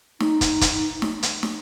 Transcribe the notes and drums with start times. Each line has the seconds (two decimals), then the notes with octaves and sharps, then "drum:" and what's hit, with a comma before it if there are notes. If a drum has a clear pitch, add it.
0.21 D#4, drum: snare
0.41 drum: kick, hi-hat
0.61 drum: kick, hi-hat
1.02 drum: snare
1.23 drum: hi-hat
1.43 drum: snare